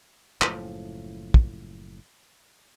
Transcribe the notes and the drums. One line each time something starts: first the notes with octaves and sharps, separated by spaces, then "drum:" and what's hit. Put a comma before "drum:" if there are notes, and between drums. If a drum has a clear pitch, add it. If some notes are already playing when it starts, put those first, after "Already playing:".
F#1 A2 F3, drum: clap
drum: kick